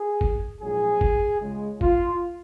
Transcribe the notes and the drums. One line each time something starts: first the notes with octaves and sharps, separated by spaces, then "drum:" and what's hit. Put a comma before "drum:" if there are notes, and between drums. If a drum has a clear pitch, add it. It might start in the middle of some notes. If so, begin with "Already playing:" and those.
Already playing: G#4
drum: kick G#1
A#1 G#2 F#3 G#4
drum: kick G#1
C#2 C#3 G#3
F4, drum: kick G#1